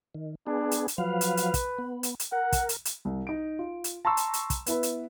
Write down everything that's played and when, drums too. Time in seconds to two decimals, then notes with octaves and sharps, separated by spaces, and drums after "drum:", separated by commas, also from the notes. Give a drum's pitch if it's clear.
0.15 D#3
0.47 B3 D4 G#4
0.71 drum: hi-hat
0.88 drum: hi-hat
0.98 F3 F#3 B4 F5
1.21 drum: hi-hat
1.37 drum: hi-hat
1.54 drum: kick, hi-hat
1.78 B3
2.03 drum: hi-hat
2.20 drum: hi-hat
2.32 A#4 F#5
2.52 drum: kick, hi-hat
2.69 drum: hi-hat
2.85 drum: hi-hat
3.05 C2
3.27 D#4 D7
3.59 F4
3.84 drum: hi-hat
4.05 A5 A#5 C6 C#6 E6
4.17 drum: hi-hat
4.33 drum: hi-hat
4.50 drum: kick, hi-hat
4.66 B3 E4 B4, drum: hi-hat
4.83 drum: hi-hat